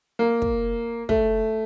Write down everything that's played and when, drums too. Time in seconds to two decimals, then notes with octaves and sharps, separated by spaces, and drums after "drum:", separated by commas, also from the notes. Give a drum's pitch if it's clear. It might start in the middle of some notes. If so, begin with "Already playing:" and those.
0.19 A#3
0.42 drum: kick
1.09 A3, drum: kick